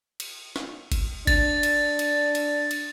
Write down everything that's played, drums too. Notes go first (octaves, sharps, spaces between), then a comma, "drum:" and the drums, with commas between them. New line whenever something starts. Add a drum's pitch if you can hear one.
drum: cymbal
drum: snare
drum: kick G1, cymbal
D4 A6, drum: kick G1, cymbal
drum: cymbal
drum: cymbal
drum: cymbal
drum: cymbal